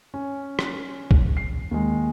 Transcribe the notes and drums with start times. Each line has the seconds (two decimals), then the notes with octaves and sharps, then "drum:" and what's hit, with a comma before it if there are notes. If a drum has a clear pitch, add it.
0.14 C#4
0.59 drum: rim click
1.11 drum: kick B1
1.37 C7
1.71 D#2 G#3